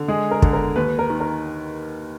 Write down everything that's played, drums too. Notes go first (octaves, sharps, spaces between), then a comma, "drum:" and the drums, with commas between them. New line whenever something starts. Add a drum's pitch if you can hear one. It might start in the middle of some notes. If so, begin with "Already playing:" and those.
Already playing: D3
G#3 G#4
A#4
D3, drum: kick
A#4
D#2 B4
A#4
D#3
A#4